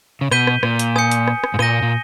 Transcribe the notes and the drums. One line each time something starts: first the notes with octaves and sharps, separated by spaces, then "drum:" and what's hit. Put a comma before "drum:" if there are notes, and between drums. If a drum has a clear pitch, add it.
C#3
B2 G6 B6 D#7 G7, drum: rim click
drum: rim click
A#2, drum: rim click
drum: hi-hat
G#5 D#6 G6 C#7, drum: rim click
drum: hi-hat
drum: rim click
drum: rim click
G#2
A#2 G6 A#6 D#7 G7, drum: rim click
A#2